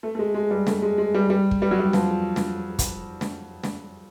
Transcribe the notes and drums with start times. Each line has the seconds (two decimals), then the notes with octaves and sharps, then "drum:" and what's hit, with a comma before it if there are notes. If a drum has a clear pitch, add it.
0.03 A3
0.15 A3
0.19 G#3
0.34 G#3
0.51 G3
0.67 A3, drum: snare
0.82 G#3
0.98 G#3
1.14 G3
1.30 G3
1.51 drum: kick
1.62 G3
1.71 F#3
1.79 G3
1.93 F3, drum: snare
2.36 drum: snare
2.79 drum: kick, hi-hat
3.21 drum: snare
3.64 drum: snare